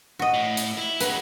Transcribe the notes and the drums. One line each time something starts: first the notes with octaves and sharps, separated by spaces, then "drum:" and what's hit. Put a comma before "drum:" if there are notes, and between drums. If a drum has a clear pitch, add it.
F#4 D#5
A2
drum: hi-hat
E4
G#3 F#4 B4, drum: hi-hat